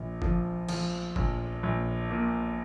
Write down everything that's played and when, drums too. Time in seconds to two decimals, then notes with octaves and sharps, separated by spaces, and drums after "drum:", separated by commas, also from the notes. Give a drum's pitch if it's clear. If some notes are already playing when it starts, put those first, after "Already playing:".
Already playing: A#1
0.22 F3, drum: kick G1
0.69 F3, drum: cymbal
1.16 A#1, drum: kick G1
1.63 A#1
2.11 A#2